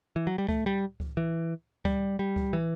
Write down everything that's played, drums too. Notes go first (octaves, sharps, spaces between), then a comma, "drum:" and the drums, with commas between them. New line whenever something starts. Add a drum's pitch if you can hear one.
E3
F#3
G3
A3, drum: kick C#2
G3
drum: kick C#2
E3
G3, drum: kick C#2
G3
drum: kick C#2
E3